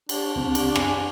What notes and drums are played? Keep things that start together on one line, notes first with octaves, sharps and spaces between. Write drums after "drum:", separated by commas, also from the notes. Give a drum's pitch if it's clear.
D4, drum: cymbal
C#2 C4
drum: cymbal
G#5, drum: rim click